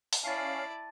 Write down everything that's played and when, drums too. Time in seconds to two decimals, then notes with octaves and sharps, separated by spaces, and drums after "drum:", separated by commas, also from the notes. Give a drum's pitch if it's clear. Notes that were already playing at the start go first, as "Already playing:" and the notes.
0.13 drum: open hi-hat
0.24 C#4 E4 D5 F5 A5 A6